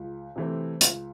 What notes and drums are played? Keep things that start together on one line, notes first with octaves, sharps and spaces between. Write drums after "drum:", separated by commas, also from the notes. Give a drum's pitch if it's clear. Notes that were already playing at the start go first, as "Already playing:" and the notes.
Already playing: C#2
C3 E3 A3 C4
C#2, drum: hi-hat